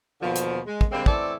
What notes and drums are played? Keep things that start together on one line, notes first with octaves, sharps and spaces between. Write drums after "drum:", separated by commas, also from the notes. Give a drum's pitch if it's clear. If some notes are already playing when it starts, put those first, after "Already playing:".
D#2 B2 D3 F3
drum: hi-hat
G#3
drum: kick
D3 G3 G#3 A#3 C4
E3 A3 C4 E4 A4 D5, drum: kick